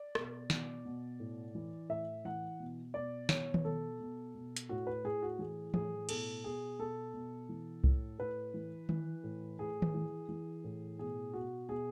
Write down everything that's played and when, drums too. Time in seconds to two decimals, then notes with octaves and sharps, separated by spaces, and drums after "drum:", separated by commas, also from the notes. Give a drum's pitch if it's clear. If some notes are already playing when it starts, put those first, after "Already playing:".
Already playing: D5
0.15 B2, drum: rim click
0.50 B2, drum: snare
0.85 B2
1.20 A2
1.55 E3
1.89 A2 E5
2.25 E3 F#5
2.60 B2
2.94 B2 D5
3.29 B2 C#5, drum: snare
3.54 drum: tom D#3
3.65 B2 A4
4.00 B2
4.35 B2
4.56 drum: hi-hat
4.69 A2 F#4
4.87 B4
5.04 A2 G#4
5.22 F#4
5.39 E3 G#4
5.74 A2 G#4, drum: tom E3
6.09 B2 A4, drum: cymbal
6.44 B2 G#4
6.79 B2 A4
7.14 B2
7.49 E3
7.84 A2, drum: kick C2
8.19 A2 B4
8.54 E3
8.89 E3, drum: tom D#3
9.24 A2
9.59 A2 G#4
9.82 drum: tom D#3
9.94 E3
10.29 E3
10.64 A2
10.98 B2 G#4
11.33 B2 F#4
11.69 B2 G#4